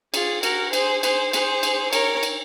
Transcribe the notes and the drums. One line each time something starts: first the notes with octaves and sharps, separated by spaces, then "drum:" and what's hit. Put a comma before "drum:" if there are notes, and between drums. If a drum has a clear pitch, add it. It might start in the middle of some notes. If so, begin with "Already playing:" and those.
F4 G#4, drum: cymbal
F#4 A#4, drum: cymbal
G#4 C5, drum: cymbal
G#4 C5, drum: cymbal
G#4 C5, drum: cymbal
drum: cymbal
A#4 C#5, drum: cymbal
drum: cymbal